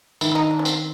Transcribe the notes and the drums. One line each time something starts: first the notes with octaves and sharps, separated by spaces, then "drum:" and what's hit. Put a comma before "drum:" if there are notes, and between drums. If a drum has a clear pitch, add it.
D#3 E4, drum: tambourine
E4
D#4
D4
C#4
C4, drum: tambourine